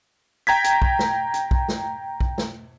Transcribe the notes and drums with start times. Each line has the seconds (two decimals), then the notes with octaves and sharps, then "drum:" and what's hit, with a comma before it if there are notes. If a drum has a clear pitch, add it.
0.47 G5 A#5 G#6 B6
0.64 drum: hi-hat
0.82 drum: kick B1
0.99 drum: snare
1.34 drum: hi-hat
1.51 drum: kick B1
1.68 drum: snare
2.20 drum: kick B1
2.38 drum: snare